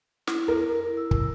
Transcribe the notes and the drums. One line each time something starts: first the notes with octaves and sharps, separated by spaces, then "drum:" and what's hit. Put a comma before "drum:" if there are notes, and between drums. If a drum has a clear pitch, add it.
E4, drum: snare
A#4
E6
drum: kick